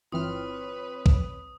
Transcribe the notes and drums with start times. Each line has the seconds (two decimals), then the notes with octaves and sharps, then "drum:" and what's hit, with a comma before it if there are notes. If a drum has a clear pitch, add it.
0.12 G1 E3 C4 F4 B4 C#5 D#6 F6
1.06 drum: kick B1